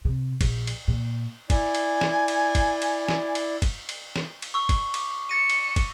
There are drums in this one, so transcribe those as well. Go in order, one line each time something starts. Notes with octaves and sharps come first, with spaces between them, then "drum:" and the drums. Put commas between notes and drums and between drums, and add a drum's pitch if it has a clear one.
C3
A#1, drum: kick, cymbal
drum: cymbal
A#2
E4 D5 G#5, drum: kick, cymbal
drum: cymbal
drum: snare
drum: cymbal
drum: kick, cymbal
drum: cymbal
drum: snare
drum: cymbal
drum: kick, cymbal
drum: cymbal
drum: snare
drum: cymbal
C#6 E6
drum: kick, cymbal
D6, drum: cymbal
A6 A#6 C#7 D#7 E7
drum: cymbal
drum: kick, cymbal